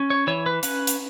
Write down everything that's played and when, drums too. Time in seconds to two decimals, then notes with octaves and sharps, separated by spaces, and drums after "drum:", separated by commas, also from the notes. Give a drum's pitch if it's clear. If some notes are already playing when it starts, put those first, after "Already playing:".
Already playing: C#4
0.10 C#5
0.27 E3 C#5
0.46 B4
0.63 C#4 B4, drum: hi-hat
0.87 drum: hi-hat